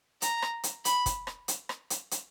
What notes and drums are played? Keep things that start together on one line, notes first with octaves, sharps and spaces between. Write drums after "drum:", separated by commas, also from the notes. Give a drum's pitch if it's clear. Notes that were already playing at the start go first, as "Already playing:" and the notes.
A#5, drum: hi-hat
drum: rim click
drum: hi-hat
B5, drum: hi-hat
drum: kick, hi-hat
drum: rim click
drum: hi-hat
drum: rim click
drum: hi-hat
drum: hi-hat